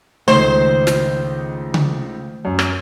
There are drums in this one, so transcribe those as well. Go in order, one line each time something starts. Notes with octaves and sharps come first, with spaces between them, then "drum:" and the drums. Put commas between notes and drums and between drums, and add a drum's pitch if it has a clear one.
C#2 D#3 A3 C5
drum: snare
drum: tom C#3
F#2
drum: rim click